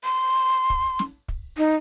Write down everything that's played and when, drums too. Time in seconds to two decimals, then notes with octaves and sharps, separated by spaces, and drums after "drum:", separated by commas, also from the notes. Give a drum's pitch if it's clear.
0.04 C6
0.70 drum: kick
0.99 drum: snare
1.28 drum: kick
1.58 D#4